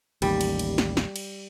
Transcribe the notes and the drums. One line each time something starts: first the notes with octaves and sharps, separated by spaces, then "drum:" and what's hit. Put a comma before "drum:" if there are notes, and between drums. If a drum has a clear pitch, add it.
A1 D#2 G3, drum: cymbal
drum: cymbal
drum: cymbal
drum: snare
drum: snare
drum: cymbal